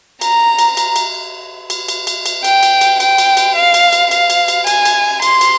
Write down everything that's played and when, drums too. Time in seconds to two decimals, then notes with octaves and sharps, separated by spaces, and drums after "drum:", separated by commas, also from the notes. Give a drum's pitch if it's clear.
0.21 A#5, drum: cymbal
0.59 drum: cymbal
0.77 drum: cymbal
0.96 drum: cymbal
1.70 drum: cymbal
1.88 drum: cymbal
2.07 drum: cymbal
2.26 drum: cymbal
2.44 G5, drum: cymbal
2.63 drum: cymbal
2.81 drum: cymbal
3.00 G5, drum: cymbal
3.18 drum: cymbal
3.37 drum: cymbal
3.56 F5
3.74 drum: cymbal
3.93 drum: cymbal
4.11 F5, drum: cymbal
4.30 drum: cymbal
4.48 drum: cymbal
4.67 G#5, drum: cymbal
4.85 drum: cymbal
5.22 C6, drum: cymbal
5.41 drum: cymbal